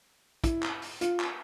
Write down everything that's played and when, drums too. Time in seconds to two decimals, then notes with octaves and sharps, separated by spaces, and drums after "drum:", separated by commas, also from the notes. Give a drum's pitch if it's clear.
0.44 E4, drum: kick, hi-hat
0.63 drum: clap
0.82 drum: open hi-hat
1.01 F4, drum: hi-hat
1.20 drum: clap